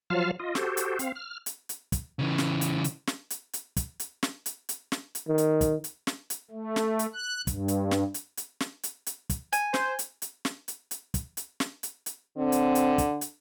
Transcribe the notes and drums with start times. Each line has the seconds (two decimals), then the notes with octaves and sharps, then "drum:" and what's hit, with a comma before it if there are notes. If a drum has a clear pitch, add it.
0.10 F3 F#3 F4 F5 A5 F6
0.40 F4 D#5
0.55 F#4 G4 A4 C5, drum: snare
0.77 drum: hi-hat
0.99 C4 F5, drum: hi-hat
1.15 F6
1.46 drum: hi-hat
1.69 drum: hi-hat
1.92 drum: kick, hi-hat
2.19 C#3 E3
2.38 drum: snare
2.61 drum: hi-hat
2.84 drum: hi-hat
3.07 drum: snare
3.30 drum: hi-hat
3.53 drum: hi-hat
3.77 drum: kick, hi-hat
4.00 drum: hi-hat
4.23 drum: snare
4.46 drum: hi-hat
4.69 drum: hi-hat
4.92 drum: snare
5.15 drum: hi-hat
5.28 D#3
5.38 drum: hi-hat
5.61 drum: kick, hi-hat
5.84 drum: hi-hat
6.07 drum: snare
6.30 drum: hi-hat
6.51 A3
6.76 drum: snare
6.99 drum: hi-hat
7.14 F#6
7.47 G2, drum: kick, hi-hat
7.68 drum: hi-hat
7.91 drum: snare
8.14 drum: hi-hat
8.37 drum: hi-hat
8.60 drum: snare
8.83 drum: hi-hat
9.06 drum: hi-hat
9.30 drum: kick, hi-hat
9.53 G#5, drum: hi-hat
9.74 C5, drum: snare
9.99 drum: hi-hat
10.22 drum: hi-hat
10.45 drum: snare
10.68 drum: hi-hat
10.91 drum: hi-hat
11.14 drum: kick, hi-hat
11.37 drum: hi-hat
11.60 drum: snare
11.83 drum: hi-hat
12.06 drum: hi-hat
12.37 D3 C4
12.52 drum: hi-hat
12.75 drum: hi-hat
12.98 drum: kick, hi-hat
13.21 drum: hi-hat